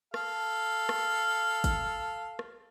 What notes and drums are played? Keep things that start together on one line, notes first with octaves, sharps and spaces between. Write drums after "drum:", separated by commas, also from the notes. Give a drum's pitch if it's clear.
A4 F5, drum: rim click
drum: rim click
drum: kick, hi-hat
drum: rim click